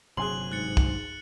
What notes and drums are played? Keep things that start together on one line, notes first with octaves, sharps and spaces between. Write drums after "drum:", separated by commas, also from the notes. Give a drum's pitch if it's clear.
G1 C3 F#3 G#4 G#5 C6 F#6 F#7
G#2 F#6 A6 C#7
drum: kick